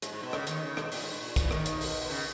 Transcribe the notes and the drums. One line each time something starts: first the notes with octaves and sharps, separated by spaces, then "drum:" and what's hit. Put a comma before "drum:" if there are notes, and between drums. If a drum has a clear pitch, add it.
G#2, drum: hi-hat
G#2
B2
C#3, drum: rim click
D#2 D#3, drum: hi-hat
C#3
B2, drum: rim click
A#2, drum: open hi-hat
G#2
G2
A#2
A#2, drum: kick, hi-hat
E3
D#2 D#3, drum: rim click
drum: hi-hat
B2, drum: open hi-hat
B2
C#3, drum: open hi-hat